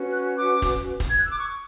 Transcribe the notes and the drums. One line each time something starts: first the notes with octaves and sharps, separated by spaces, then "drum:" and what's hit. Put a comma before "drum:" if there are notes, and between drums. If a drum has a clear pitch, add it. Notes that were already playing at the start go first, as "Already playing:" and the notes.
Already playing: C#4 F#4 B4
F#6
D6
drum: kick, hi-hat
drum: kick, hi-hat
G#6
F#6
E6
D6
C#6